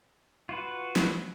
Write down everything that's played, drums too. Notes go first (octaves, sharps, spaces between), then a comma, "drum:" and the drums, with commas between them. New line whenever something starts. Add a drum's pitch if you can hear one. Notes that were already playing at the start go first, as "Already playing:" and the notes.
F4 F#4 B4
drum: snare